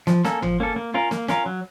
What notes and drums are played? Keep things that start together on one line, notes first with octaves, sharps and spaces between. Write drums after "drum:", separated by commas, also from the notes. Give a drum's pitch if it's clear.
F3, drum: snare
A#3 C#4 A4, drum: snare
F3, drum: tom G#1
A#3 C#4 A4
A#3
C#4 F4 A#4 F5
A#3, drum: snare
C#4 F4 A#4 F5, drum: snare
F#3